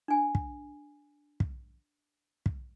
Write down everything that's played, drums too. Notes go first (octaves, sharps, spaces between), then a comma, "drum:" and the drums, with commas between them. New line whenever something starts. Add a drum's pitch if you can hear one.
D4 G#5
drum: kick
drum: kick
drum: kick